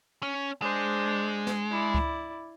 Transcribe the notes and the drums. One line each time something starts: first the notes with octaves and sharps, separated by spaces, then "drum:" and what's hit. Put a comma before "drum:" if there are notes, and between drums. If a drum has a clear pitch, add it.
C#4
G#3 D4 C5
drum: snare
E4 D5
drum: kick C#2